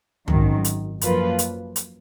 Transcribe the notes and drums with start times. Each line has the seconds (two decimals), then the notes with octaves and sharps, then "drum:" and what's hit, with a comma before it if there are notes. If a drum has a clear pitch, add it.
0.28 G#1 F#2 D#3, drum: tom
0.64 drum: hi-hat
1.01 F#2 F3 A#3 F4 B4, drum: hi-hat
1.39 drum: hi-hat
1.76 drum: hi-hat